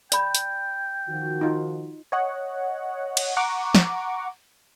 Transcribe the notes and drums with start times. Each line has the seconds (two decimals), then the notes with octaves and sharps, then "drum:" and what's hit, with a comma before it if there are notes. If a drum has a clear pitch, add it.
0.12 D5 G5 B5, drum: hi-hat
0.35 drum: hi-hat
1.08 D#3 F3 F#4
1.41 D#4 F4
2.12 C#5 D#5 F#5
3.17 drum: cymbal
3.37 F#5 A#5 C#6 D6
3.75 drum: snare